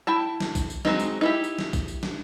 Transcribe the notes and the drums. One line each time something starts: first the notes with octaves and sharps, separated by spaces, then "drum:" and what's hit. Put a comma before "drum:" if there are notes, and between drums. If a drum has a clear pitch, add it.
E4 G5 A5
drum: snare
drum: kick A#1, tambourine
drum: tambourine
F#3 G#3 C4 D#4, drum: snare
drum: tambourine
D#4 E4 G4
drum: tambourine
drum: snare
drum: kick A#1, tambourine
drum: tambourine
drum: snare